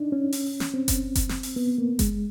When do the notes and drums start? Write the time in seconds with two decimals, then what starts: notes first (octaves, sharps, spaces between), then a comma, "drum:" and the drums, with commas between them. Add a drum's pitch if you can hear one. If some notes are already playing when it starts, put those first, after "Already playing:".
Already playing: D4 D#4
0.12 C#4
0.32 drum: open hi-hat
0.60 drum: snare
0.74 C4
0.88 drum: kick F#1, hi-hat
1.15 drum: kick F#1, hi-hat
1.29 drum: snare
1.43 drum: open hi-hat
1.56 B3
1.78 A#3
1.99 G#3, drum: kick F#1, hi-hat